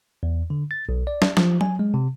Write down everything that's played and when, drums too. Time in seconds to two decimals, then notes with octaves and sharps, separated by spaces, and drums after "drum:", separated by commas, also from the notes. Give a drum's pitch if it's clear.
0.23 E2
0.50 D3
0.71 A6
0.89 B1
1.07 D5
1.22 drum: snare
1.37 F3, drum: snare
1.61 G#5, drum: tom F#3
1.79 G#3
1.94 C3